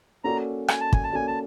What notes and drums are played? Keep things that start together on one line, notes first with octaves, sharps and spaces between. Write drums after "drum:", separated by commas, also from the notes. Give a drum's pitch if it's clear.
A#3 C#4 F#4 A4 D5 A#5
G#5, drum: rim click
A5
G#5, drum: kick
A5
A#3 C#4 F#4 A4 D5 G#5
A5